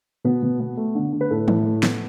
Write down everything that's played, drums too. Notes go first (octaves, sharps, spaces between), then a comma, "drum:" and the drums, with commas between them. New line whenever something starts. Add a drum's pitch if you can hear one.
B2 B3 B4
B2
B3
A3
D3
D3
B4
A2 A4
A2, drum: tom
A3
B3, drum: snare